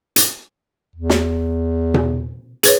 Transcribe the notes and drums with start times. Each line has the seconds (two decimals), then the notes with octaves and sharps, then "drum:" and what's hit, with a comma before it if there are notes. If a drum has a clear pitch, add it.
0.16 drum: hi-hat
0.96 E2
1.10 drum: snare
1.94 drum: tom B2
2.63 G#4 B4 C#5, drum: hi-hat